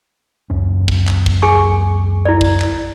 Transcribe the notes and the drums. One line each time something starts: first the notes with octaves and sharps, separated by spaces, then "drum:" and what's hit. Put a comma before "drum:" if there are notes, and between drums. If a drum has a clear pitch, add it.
C#2 F#2 C#4
drum: kick
drum: clap
drum: kick
G#4 G#5 C#6
E4 D5
drum: kick
drum: clap